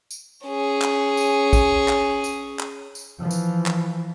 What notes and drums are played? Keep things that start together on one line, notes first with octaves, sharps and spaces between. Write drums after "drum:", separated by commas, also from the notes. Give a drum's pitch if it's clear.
drum: tambourine
C#4 G#4
drum: clap
drum: tambourine
drum: kick, tambourine
drum: clap
drum: tambourine
drum: clap
drum: tambourine
E3 F3
drum: tambourine
drum: clap